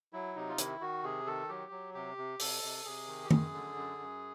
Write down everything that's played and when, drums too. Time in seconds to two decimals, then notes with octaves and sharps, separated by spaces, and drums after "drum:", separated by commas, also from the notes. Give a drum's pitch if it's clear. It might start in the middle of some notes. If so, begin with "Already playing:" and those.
0.13 F#3 E4
0.35 C3 D#4
0.49 F4
0.58 D#3 E4, drum: hi-hat
0.81 D#3 F#4
1.04 C3 G#4
1.26 D#3 A4
1.49 F#3 G4
1.71 F#3
1.94 C3 G4
2.18 C3
2.39 C3 A4, drum: open hi-hat
2.63 C3
2.85 C3 G#4
3.07 D#3
3.25 G4
3.31 F#2 G#4, drum: tom
3.54 D3
3.76 F#2
3.99 F#2